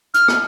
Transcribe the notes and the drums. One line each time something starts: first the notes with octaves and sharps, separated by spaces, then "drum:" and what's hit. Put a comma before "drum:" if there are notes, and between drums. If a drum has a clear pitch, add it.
F6, drum: hi-hat
drum: rim click